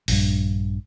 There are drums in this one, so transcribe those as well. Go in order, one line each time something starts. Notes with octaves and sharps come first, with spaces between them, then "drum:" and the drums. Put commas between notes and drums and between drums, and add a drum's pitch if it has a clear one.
A#1 G2, drum: open hi-hat